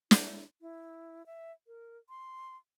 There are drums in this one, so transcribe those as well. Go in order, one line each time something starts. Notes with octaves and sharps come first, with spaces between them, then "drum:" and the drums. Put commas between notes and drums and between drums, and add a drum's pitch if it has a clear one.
E4, drum: snare
E4
E5
A#4
C6